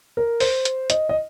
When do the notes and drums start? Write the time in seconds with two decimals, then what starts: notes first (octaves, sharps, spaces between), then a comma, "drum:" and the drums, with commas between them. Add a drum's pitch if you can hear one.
0.17 A#4
0.40 C5, drum: open hi-hat
0.65 drum: hi-hat
0.90 D#5, drum: hi-hat
1.09 D#5